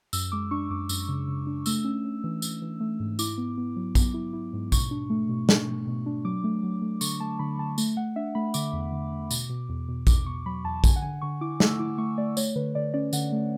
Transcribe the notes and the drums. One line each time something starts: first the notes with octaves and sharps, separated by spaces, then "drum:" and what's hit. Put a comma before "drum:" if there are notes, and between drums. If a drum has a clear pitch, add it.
F#2 E6, drum: tambourine
G#3 D6
D4 C#6
F#2 D6
F#2 E6, drum: tambourine
C#3
C#3
D4
A3 E6, drum: tambourine
C#4
C#4
E3
E3, drum: tambourine
E3
A3
G#2
E4 D6, drum: tambourine
B3
B3
F#3
B3, drum: kick A#1, tambourine
E4
E4
G#2
B2 C#6, drum: kick A#1, tambourine
D4
A3
B2
D4, drum: snare
B2
B2
D4
F#3 D6
A3
F#3
A3
D3 C#6, drum: tambourine
A3 A5
D3 B5
D3 A5
A3, drum: tambourine
A3 F#5
D4 E5
A3 B5
D3 D6, drum: tambourine
E2
D3
D3
B2, drum: tambourine
B2
E2
B2
E2 D6, drum: kick A#1, tambourine
B2 C#6
F#3 B5
E2 A5
D3 G#5, drum: kick A#1, tambourine
F#5
D3 G#5
D3 C#6
E4 D6
A3 E6, drum: snare
E4 D6
A3 C#6
A3 D5
A3 C#5, drum: tambourine
D3 B4
D3 D5
C#4 D5
D3 F#5, drum: tambourine
A3